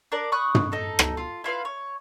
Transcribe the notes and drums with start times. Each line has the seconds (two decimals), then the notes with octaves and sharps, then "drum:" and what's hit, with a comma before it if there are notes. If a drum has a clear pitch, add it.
0.12 D4 A#4 D5
0.32 B5 C#6 D#6 F#6
0.55 drum: tom
0.72 D#4 A4
0.99 drum: rim click
1.17 F4
1.44 E4 F4 B4 F5
1.65 C#5